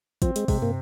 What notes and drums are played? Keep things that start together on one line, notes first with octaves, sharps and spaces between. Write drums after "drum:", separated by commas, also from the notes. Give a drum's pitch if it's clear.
F3 C4, drum: kick, hi-hat
G#3, drum: hi-hat
C3 G#3, drum: kick, open hi-hat
A#3, drum: tom